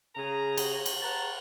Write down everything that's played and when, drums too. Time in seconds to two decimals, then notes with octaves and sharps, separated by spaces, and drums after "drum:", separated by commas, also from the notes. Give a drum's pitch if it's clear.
0.16 C#3 G#4 A#5
0.57 drum: cymbal
0.86 drum: cymbal
1.02 B4 F#5 A5 A#5